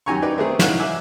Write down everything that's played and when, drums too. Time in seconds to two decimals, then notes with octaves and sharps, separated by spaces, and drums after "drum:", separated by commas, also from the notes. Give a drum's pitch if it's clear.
0.06 F#2 D#3 G4 G#5 A#5 C#6
0.22 D#4 G4 B4 D5
0.38 A3 B3 C4 G4 G#4 A#4
0.59 C#4 D#4 E4 F5 F#5, drum: snare
0.79 E5 G#5 D6